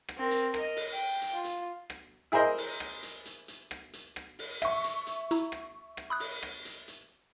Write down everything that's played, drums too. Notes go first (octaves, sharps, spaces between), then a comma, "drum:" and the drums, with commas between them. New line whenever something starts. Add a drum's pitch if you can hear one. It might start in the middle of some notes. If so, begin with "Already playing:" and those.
drum: rim click
C4 A#4
drum: hi-hat
A#4 D#5, drum: rim click
drum: open hi-hat
G5
drum: hi-hat
F4
drum: hi-hat
drum: rim click
E4 G#4 A#4 C5 D#5
drum: open hi-hat
drum: rim click
drum: hi-hat
drum: hi-hat
drum: hi-hat
drum: rim click
drum: hi-hat
drum: rim click
drum: open hi-hat
E5 C#6, drum: rim click
drum: hi-hat
drum: hi-hat
E4 A#5, drum: hi-hat
drum: rim click
drum: rim click
B5 D#6 F#6
drum: open hi-hat
drum: rim click
drum: hi-hat
drum: hi-hat